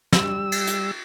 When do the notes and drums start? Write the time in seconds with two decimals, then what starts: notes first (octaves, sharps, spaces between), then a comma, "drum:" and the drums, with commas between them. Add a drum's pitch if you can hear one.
0.13 G3 E6, drum: snare
0.52 drum: cymbal
0.67 drum: hi-hat